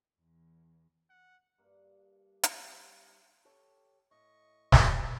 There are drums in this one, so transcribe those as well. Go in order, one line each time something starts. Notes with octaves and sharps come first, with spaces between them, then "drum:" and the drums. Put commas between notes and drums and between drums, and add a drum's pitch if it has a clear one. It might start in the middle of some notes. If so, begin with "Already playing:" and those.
E2
F#5
G2 A#3
drum: hi-hat
G4 A4 C#5
A2 D#5 C#6
drum: snare